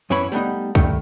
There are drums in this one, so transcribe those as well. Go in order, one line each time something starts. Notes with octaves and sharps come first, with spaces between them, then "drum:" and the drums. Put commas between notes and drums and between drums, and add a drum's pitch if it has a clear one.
F#2 E3 C#4 E4 C#5 B5
G3 A3 B3 D#4
G2 D#3 A3, drum: kick C2